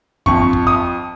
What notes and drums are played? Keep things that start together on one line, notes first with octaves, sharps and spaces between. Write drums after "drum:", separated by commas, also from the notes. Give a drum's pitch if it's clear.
F2 F3 C#6, drum: kick
drum: kick
D#6